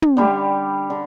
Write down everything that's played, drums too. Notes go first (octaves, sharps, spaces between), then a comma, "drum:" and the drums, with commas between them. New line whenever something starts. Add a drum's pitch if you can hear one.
drum: tom
D3 G3 D4 G4
D3